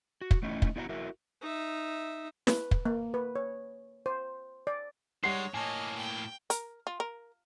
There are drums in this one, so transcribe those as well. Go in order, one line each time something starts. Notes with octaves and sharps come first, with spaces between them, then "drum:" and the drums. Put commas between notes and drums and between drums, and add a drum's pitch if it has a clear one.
F#4
drum: kick
A3 C#4 D#4 E4
drum: kick
B3 E4 F#4 D#5 F#5 A#5
E4 F#4 A#4 E5
D#4 E5
B4, drum: snare
drum: kick
A#3
B4
C#5
C5
D5
G3 G#3 D#4 C#5 F#5 C6 C7
A2 A#3 C#5 D#5 G#5 A5
G5
A#4, drum: hi-hat
F4
A#4